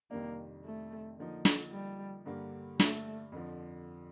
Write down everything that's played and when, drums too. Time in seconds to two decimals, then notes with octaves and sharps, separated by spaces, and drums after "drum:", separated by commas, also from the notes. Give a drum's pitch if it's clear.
0.11 F2 C3 D#3 G3 A#3 D4
0.64 A3
1.19 D3 F3 A#3 D#4
1.45 drum: snare
1.71 G3
2.26 G2 D3 G3 A#3
2.80 A3, drum: snare
3.32 F2 D3 F3